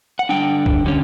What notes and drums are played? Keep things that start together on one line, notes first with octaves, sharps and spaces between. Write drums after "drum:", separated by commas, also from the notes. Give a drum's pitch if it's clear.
F#5
D3 G3 D4 G5
drum: kick
D3 G3 C#4